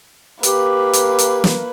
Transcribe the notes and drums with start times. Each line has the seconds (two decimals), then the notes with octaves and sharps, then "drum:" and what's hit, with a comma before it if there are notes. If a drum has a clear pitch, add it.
0.43 A#3 G4 B4, drum: hi-hat
0.93 drum: hi-hat
1.19 drum: hi-hat
1.44 drum: snare